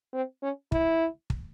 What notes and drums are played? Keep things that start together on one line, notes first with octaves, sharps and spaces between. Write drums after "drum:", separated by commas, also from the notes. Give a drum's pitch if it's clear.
C4
C#4
E4, drum: kick
drum: kick